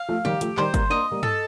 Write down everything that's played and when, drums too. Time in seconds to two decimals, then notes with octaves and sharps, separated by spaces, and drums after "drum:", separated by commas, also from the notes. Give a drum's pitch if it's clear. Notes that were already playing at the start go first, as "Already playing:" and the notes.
Already playing: F5
0.09 F3 A3
0.25 D#3 G3 G4, drum: tom
0.41 F3 A3, drum: hi-hat
0.57 D#3 G3 C5, drum: clap
0.74 G3 A#3, drum: kick G1, hi-hat
0.90 A#3 D4 D#5
1.11 G3 A#3
1.23 A4, drum: tom G2